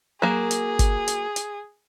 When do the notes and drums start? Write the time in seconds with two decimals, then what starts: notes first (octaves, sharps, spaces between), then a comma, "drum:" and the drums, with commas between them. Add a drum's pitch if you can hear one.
0.22 F#3 A#3 G#4
0.51 drum: hi-hat
0.79 drum: kick G1, hi-hat
1.08 drum: hi-hat
1.36 drum: hi-hat